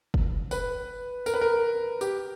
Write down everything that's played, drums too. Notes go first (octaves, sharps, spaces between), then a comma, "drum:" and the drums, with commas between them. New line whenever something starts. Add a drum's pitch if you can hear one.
drum: kick
B4, drum: tambourine
A#4, drum: tambourine
B4
A#4
G4, drum: tambourine